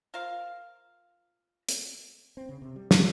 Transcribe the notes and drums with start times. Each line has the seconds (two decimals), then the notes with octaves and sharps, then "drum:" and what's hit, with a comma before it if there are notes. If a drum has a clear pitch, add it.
0.14 F4 A#4 C5 F5
1.69 drum: hi-hat
2.37 C4
2.49 C#3
2.62 C3
2.76 G3
2.91 C3, drum: snare